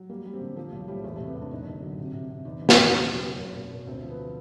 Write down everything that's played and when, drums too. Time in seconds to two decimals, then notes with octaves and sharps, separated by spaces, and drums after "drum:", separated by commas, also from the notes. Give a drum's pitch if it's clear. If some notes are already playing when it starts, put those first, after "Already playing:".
Already playing: F#3
0.10 G3 A#3
0.26 G3
0.33 C4
0.41 D3
0.56 F3 A#3
0.72 B1
0.88 A2 G3
1.04 E2 G#3
1.16 A3
1.20 C3
1.28 B3
1.36 C3
1.42 D4
1.51 F#1 D#4
1.67 D3
1.82 F#3
1.98 C3
2.13 C3
2.30 C3
2.45 E2 D#4
2.61 E2
2.69 D#4, drum: snare
2.77 B2
2.92 C#3 C#4
3.08 F#3
3.24 F#2
3.39 F#1
3.55 B2
3.71 B2
3.87 D2 C4
4.03 F3
4.10 B3